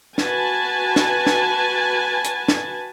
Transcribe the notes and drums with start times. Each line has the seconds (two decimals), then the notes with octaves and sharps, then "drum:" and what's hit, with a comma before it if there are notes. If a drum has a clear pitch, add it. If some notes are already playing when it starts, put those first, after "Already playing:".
0.18 F#4 B4 G#5 A5, drum: snare
0.96 drum: snare
1.26 drum: snare
2.24 drum: hi-hat
2.48 drum: snare